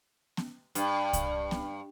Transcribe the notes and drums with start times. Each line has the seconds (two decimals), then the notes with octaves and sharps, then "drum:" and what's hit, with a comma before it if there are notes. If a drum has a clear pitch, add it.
0.37 drum: snare B3
0.75 G2, drum: hi-hat
1.13 drum: kick C2, hi-hat
1.51 drum: snare B3